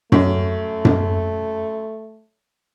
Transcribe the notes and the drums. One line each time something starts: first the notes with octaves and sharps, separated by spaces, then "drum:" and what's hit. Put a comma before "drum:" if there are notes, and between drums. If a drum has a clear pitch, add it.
F#2 A3, drum: tom F#2
drum: tom F#2